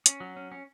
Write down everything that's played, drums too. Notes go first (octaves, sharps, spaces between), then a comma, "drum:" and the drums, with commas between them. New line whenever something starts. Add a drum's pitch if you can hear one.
C#4, drum: hi-hat
F#3
C#4
C#4